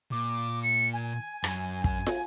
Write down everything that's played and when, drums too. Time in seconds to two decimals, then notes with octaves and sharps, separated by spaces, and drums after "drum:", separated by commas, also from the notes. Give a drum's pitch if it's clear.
0.12 A#2 D6
0.63 C#7
0.93 G#5
1.44 F#2, drum: rim click
1.84 G#5, drum: kick
2.06 drum: snare